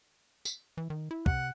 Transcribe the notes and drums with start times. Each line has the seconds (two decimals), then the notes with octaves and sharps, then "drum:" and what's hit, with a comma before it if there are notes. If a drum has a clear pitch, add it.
0.45 drum: tambourine
0.77 E3
0.90 D#3
1.11 E4
1.26 C3 F#5, drum: kick